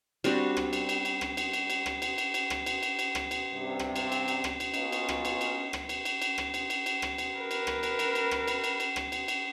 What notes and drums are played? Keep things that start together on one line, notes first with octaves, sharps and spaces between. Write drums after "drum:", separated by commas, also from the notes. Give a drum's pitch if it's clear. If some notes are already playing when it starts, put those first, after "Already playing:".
G3 C4 D4 F#4, drum: cymbal
drum: rim click
drum: cymbal
drum: cymbal
drum: cymbal
drum: rim click
drum: cymbal
drum: cymbal
drum: cymbal
drum: rim click
drum: cymbal
drum: cymbal
drum: cymbal
drum: rim click
drum: cymbal
drum: cymbal
drum: cymbal
drum: rim click
drum: cymbal
G2 C3
drum: rim click
drum: cymbal
drum: cymbal
drum: cymbal
drum: rim click
drum: cymbal
A#3 B3 C#4 F4 F#4 D#5, drum: cymbal
drum: cymbal
drum: rim click
drum: cymbal
drum: cymbal
drum: rim click
drum: cymbal
drum: cymbal
drum: cymbal
drum: rim click
drum: cymbal
drum: cymbal
drum: cymbal
drum: rim click
drum: cymbal
A#4 B4
drum: cymbal
drum: rim click
drum: cymbal
drum: cymbal
drum: cymbal
drum: rim click
drum: cymbal
drum: cymbal
drum: cymbal
drum: rim click
drum: cymbal
drum: cymbal